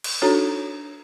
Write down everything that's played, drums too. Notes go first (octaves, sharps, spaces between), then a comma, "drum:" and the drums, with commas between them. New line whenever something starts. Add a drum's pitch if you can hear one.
drum: cymbal
D4 D#4 F#4 A4 C#5 A#5